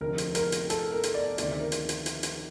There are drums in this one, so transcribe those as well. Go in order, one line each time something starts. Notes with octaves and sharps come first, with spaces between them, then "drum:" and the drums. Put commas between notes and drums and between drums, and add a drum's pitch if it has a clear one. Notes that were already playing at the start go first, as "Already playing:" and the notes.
F1 F2 D3 A#4
drum: hi-hat
A#4, drum: hi-hat
drum: hi-hat
A4, drum: hi-hat
A#4
drum: hi-hat
D5
D2 C3 D#3 D5, drum: hi-hat
A#4
drum: hi-hat
drum: hi-hat
drum: hi-hat
drum: hi-hat